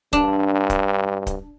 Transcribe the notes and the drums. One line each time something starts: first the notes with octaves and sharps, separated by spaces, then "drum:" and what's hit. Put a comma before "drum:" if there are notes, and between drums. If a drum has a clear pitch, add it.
G2 D4, drum: kick, hi-hat
drum: kick, hi-hat
drum: kick, hi-hat